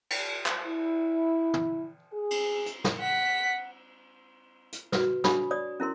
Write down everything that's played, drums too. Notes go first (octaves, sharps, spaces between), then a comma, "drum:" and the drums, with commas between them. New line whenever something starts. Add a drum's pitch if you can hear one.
drum: cymbal
drum: clap
E4
drum: tom
G#4
drum: cymbal
drum: hi-hat
drum: snare
F#5 B6
drum: hi-hat
F#4 B4, drum: snare
D4 F#4 C#5 B5 C#6 D#6, drum: snare
C#5 D5 D#6
C#4 E4 A#4 C6